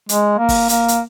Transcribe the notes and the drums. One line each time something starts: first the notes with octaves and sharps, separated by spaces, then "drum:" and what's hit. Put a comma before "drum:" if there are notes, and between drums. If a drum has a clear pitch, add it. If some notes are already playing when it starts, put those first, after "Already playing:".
G#3, drum: hi-hat
A#3
drum: kick, open hi-hat
A#3, drum: hi-hat
drum: hi-hat